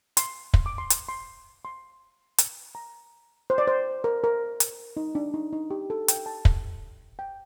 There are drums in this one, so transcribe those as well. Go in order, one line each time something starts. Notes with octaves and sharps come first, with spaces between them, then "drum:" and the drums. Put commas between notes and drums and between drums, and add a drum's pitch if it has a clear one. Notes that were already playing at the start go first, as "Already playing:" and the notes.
C6, drum: hi-hat
C6, drum: kick
D6
C6
C6, drum: hi-hat
C6
C6
drum: hi-hat
A#5
C5
D5
C5
A#4
A#4
drum: hi-hat
D#4
D4
D#4
D#4
G4
A4
G5, drum: hi-hat
A5
drum: kick
G5